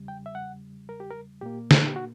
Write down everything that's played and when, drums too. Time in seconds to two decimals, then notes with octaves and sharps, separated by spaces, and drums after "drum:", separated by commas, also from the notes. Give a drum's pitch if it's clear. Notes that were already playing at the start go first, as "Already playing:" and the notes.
Already playing: E2 C#3 G3
0.08 G5
0.26 E5
0.35 F#5
0.89 A#4
1.00 G4
1.11 A#4
1.41 A#2 A#3 G4
1.71 drum: snare
1.86 G4
1.96 F#4